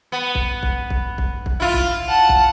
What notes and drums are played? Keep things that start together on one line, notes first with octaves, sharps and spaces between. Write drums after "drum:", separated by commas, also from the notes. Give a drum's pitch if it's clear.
B3
drum: kick
drum: kick
drum: kick
drum: kick
drum: kick
E4 F4
drum: kick
F#5 A5
drum: kick